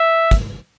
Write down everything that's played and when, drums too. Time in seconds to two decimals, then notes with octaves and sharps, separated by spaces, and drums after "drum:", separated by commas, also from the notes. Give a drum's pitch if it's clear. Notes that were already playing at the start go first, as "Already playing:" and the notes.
Already playing: E5
0.31 drum: kick, hi-hat